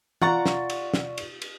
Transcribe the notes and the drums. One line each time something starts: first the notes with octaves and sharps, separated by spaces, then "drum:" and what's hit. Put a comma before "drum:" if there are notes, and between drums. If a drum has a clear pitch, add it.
F4 D5 F#5 A#5 C#6 A6, drum: tom E3
drum: snare
drum: cymbal
drum: snare
drum: cymbal
drum: cymbal